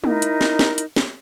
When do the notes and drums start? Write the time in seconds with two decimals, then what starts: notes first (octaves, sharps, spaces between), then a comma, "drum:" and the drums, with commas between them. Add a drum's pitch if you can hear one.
0.04 D#4 E4 A#4, drum: tom
0.22 drum: hi-hat
0.41 drum: snare
0.59 drum: snare
0.78 drum: hi-hat
0.96 drum: snare